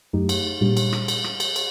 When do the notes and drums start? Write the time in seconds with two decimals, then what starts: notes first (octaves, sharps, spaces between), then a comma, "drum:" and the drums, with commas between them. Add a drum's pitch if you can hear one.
0.13 F#2 F#3 A3 D#4 G4
0.29 drum: cymbal
0.61 A#2 G3 D4 G4
0.77 drum: cymbal
0.93 drum: rim click
1.08 drum: cymbal
1.24 drum: rim click
1.40 drum: cymbal
1.56 drum: cymbal